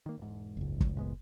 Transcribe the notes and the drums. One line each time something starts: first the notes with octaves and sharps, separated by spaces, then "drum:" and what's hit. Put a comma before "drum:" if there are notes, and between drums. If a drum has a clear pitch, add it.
D#3 A#3
E1 G#2
F#1 C#2
drum: kick
A2 G#3 B3